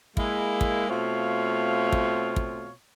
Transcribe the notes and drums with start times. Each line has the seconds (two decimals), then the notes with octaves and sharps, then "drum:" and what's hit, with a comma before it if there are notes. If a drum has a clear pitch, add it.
0.17 G#3 A#3 E4, drum: kick
0.61 drum: kick
0.89 B2 A3 C4 F4 C#5 F5
1.92 drum: kick
2.36 drum: kick